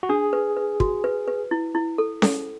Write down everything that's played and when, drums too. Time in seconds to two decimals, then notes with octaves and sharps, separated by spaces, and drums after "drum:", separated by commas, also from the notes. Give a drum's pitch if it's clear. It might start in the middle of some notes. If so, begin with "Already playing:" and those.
0.03 F#4
0.09 D4 G#4
0.33 B4
0.57 B4
0.80 F#4, drum: kick
1.04 B4
1.28 B4
1.51 E4
1.75 E4
1.98 A4
2.22 A4, drum: snare C#4